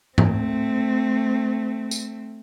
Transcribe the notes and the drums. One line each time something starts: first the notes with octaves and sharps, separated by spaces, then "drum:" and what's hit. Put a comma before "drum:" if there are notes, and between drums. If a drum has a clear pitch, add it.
A3 C4, drum: tom G#2
drum: tambourine